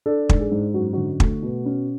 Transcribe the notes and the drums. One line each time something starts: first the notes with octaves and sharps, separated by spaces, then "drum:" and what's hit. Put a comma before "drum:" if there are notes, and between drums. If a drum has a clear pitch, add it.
D4 A4
G#2, drum: kick
G#4
G#2
F#2 F#4
D3 F#4
A3, drum: kick
B2
C#4